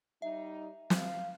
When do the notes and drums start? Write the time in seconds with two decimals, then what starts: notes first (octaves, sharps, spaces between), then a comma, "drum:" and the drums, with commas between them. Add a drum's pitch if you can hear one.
0.22 G3 D#4 E5
0.90 F5, drum: snare